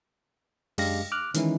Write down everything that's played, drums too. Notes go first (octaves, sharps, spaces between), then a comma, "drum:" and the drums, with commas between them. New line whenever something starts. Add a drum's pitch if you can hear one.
F#2 G#3 D4 G4 F5 A#6, drum: open hi-hat
D6 F6 F#6
D#3 E3 G#3 C#4 D#4 E4, drum: hi-hat